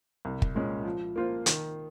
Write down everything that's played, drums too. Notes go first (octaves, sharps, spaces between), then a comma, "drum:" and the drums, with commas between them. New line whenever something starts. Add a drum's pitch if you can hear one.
C2
drum: kick
A#2 G#3 C#4
F3
A#3 F4 C5
D#3, drum: hi-hat